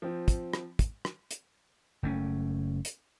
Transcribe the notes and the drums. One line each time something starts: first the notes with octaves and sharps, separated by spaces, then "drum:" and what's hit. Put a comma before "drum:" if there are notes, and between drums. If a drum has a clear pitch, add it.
F3 C4
drum: kick, hi-hat
drum: rim click
drum: kick, hi-hat
drum: rim click
drum: hi-hat
F#1 A3 C#4
drum: hi-hat